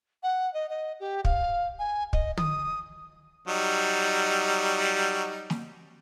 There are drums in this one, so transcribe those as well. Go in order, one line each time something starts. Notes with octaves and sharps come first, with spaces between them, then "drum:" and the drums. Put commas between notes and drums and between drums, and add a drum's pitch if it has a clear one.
F#5
D#5
D#5
G4
F5, drum: kick
G#5
D#5, drum: kick
D#6, drum: tom
F#3 G3 D#4
drum: snare